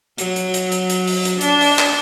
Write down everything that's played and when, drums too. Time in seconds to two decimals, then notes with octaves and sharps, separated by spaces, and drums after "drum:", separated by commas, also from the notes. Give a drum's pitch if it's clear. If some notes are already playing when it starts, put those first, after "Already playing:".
0.18 F#3, drum: hi-hat
0.36 drum: hi-hat
0.54 drum: hi-hat
0.72 drum: hi-hat
0.90 drum: hi-hat
1.08 drum: open hi-hat
1.25 drum: hi-hat
1.41 D4, drum: hi-hat
1.61 drum: open hi-hat
1.79 drum: clap